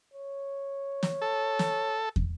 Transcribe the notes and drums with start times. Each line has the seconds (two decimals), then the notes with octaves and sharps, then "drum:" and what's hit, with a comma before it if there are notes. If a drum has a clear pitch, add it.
0.14 C#5
1.03 drum: snare
1.21 A4
1.59 drum: snare
2.16 drum: kick